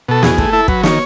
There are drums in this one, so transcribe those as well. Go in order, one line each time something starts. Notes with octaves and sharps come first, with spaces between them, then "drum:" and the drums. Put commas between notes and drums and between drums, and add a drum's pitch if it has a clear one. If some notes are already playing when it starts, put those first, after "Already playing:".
B2 A4
E2 G#4, drum: snare
A3, drum: kick
E4 A4
F#3 B4, drum: kick
D#3 C#5, drum: snare